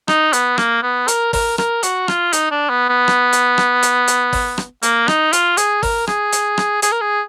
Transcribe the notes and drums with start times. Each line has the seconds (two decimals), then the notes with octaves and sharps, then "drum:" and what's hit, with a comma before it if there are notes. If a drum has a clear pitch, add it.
0.08 D#4, drum: rim click
0.33 B3, drum: hi-hat
0.58 A#3, drum: rim click
0.83 B3
1.08 A#4, drum: hi-hat
1.33 A#4, drum: kick, open hi-hat
1.58 A#4, drum: rim click
1.83 F#4, drum: hi-hat
2.08 F4, drum: rim click
2.33 D#4, drum: hi-hat
2.51 D4
2.70 B3
2.89 B3
3.08 drum: rim click
3.33 drum: hi-hat
3.58 drum: rim click
3.83 drum: hi-hat
4.08 drum: hi-hat
4.33 drum: kick, open hi-hat
4.58 drum: rim click
4.83 A#3, drum: hi-hat
5.08 D#4, drum: rim click
5.33 F4, drum: hi-hat
5.57 G#4, drum: hi-hat
5.83 A#4, drum: kick, open hi-hat
6.07 G#4, drum: rim click
6.33 drum: hi-hat
6.58 drum: rim click
6.82 G#4, drum: hi-hat
6.92 A#4
7.01 G#4